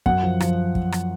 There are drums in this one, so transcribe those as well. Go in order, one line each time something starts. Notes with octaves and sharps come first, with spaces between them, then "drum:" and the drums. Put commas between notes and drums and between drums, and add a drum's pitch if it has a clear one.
F#2 F#5, drum: kick
F3
F3, drum: rim click
drum: kick
drum: rim click